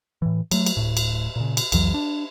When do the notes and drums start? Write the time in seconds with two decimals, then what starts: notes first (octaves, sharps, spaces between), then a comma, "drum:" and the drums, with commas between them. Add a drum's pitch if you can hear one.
0.22 A2 E3
0.51 F#3 A3, drum: cymbal
0.66 drum: cymbal
0.77 D1 G1 A2
0.97 drum: cymbal
1.36 A#2 C#3
1.57 drum: cymbal
1.72 C2 F2 E3 F#3, drum: cymbal
1.94 D4